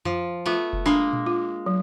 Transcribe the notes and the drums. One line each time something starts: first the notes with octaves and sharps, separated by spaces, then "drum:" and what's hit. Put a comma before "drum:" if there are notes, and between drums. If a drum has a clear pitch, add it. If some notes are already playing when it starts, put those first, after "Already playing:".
F3 F4, drum: tom F2
A3 B3 F4
drum: kick F1
G#3 A#3 D4
drum: tom A#2
F4
F#3